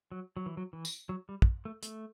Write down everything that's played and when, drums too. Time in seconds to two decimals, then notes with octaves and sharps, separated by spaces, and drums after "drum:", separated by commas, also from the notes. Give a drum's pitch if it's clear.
0.12 F#3
0.37 F#3
0.46 E3
0.57 F#3
0.73 E3
0.85 drum: tambourine
1.09 F#3
1.29 G3
1.42 drum: kick
1.65 A3
1.83 A3, drum: hi-hat